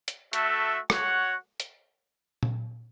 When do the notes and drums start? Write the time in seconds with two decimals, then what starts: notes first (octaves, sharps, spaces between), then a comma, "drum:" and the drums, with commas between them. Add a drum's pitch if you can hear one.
0.08 drum: hi-hat
0.33 A3 F#4 A4 E5, drum: hi-hat
0.90 F#4 C#5 F#5, drum: rim click
1.60 drum: hi-hat
2.43 drum: tom A#2